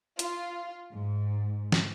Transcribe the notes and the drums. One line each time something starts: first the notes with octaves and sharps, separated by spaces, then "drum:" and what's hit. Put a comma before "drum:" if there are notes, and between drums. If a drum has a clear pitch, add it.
F4, drum: hi-hat
G#2
drum: snare